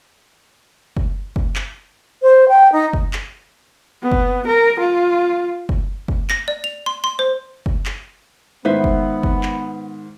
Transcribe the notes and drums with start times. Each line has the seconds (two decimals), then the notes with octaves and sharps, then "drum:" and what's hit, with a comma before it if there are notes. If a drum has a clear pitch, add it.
0.97 drum: kick
1.36 drum: kick
1.56 drum: clap
2.22 C5
2.48 G5
2.72 D#4
2.93 drum: kick
3.13 drum: clap
4.02 B3
4.12 drum: kick
4.47 A#4
4.79 F4
5.69 drum: kick
6.08 drum: kick
6.30 A#6, drum: clap
6.48 D5
6.64 F7
6.86 C6
7.04 C6
7.19 C5
7.66 drum: kick
7.86 drum: clap
8.65 G#2 D#3 B3 B4 C5 E5
8.84 drum: kick
9.23 drum: kick
9.43 drum: clap